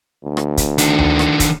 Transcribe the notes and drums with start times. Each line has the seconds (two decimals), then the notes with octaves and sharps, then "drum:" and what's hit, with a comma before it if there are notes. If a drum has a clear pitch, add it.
0.25 D2
0.37 drum: rim click
0.57 drum: kick, hi-hat
0.78 D#3 D4, drum: hi-hat
0.99 drum: tom D2
1.19 drum: rim click
1.40 drum: kick, hi-hat